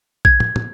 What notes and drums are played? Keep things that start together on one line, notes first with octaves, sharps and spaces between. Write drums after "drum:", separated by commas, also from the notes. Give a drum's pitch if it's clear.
G#6, drum: kick
drum: tom
drum: tom